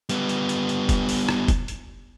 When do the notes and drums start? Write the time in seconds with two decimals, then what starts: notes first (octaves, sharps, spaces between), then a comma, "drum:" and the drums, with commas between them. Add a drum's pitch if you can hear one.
0.09 G3 B3, drum: hi-hat
0.29 drum: hi-hat
0.49 drum: hi-hat
0.69 drum: hi-hat
0.89 drum: kick F1, hi-hat
1.09 drum: open hi-hat
1.29 drum: rim click
1.48 drum: kick F1, hi-hat
1.68 drum: hi-hat